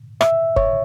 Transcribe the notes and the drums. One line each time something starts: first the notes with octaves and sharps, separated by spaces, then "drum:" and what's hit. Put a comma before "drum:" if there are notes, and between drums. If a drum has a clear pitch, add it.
E5, drum: rim click
C#5, drum: kick